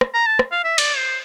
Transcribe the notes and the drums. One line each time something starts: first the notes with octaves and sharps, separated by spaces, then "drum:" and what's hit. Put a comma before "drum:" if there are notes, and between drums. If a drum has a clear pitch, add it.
drum: rim click
A#5
A5
drum: rim click
F5
E5
D5, drum: cymbal
C5